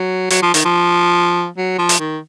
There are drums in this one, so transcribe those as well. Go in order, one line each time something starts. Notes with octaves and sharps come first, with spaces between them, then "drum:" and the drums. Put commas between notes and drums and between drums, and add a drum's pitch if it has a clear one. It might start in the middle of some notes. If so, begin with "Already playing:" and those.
Already playing: F#3
F#3, drum: hi-hat
F3
D#3, drum: hi-hat
F3
F#3
F3
drum: hi-hat
D#3